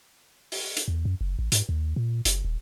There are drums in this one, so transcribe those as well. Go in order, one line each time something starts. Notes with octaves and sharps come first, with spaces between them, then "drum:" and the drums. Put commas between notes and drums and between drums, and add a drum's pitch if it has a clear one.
drum: open hi-hat
drum: hi-hat
E2
F#2
F#1
A1
G#2, drum: hi-hat
D#2
A#2
F#1, drum: hi-hat
D#1